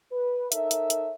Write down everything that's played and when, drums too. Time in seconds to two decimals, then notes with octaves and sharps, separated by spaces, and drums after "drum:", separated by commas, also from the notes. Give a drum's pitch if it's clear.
0.12 B4
0.52 D#4 A4 A#4 C#5 E5, drum: hi-hat
0.71 drum: hi-hat
0.90 drum: hi-hat